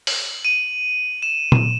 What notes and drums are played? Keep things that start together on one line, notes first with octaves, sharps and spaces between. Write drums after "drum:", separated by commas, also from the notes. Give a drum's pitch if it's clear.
F#7, drum: open hi-hat
D#7
E7
drum: tom A#2